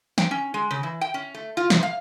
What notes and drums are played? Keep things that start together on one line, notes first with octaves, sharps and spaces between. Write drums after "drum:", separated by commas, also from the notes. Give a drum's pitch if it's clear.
G5, drum: snare
C#4
G#3
C#3
E3
G5
C#4
A3
F4
C3, drum: snare
F5